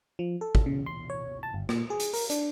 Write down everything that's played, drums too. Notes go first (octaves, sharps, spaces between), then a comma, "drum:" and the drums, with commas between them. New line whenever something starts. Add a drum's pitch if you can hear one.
F3
A4
drum: kick
C#3
C6
C#5
A5
G1
A#2, drum: rim click
G#4
drum: hi-hat
A#4, drum: open hi-hat
D4, drum: hi-hat